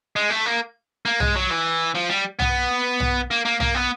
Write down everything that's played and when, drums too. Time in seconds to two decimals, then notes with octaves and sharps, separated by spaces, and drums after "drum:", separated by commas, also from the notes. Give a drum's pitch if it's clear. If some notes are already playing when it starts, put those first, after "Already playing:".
0.16 G#3
0.30 A3
0.46 A#3
1.05 A#3
1.20 G#3, drum: tom
1.36 F#3
1.50 E3
1.95 F3
2.10 G3
2.40 B3, drum: tom
3.00 drum: tom
3.31 A#3
3.45 A#3
3.60 A#3, drum: tom
3.74 B3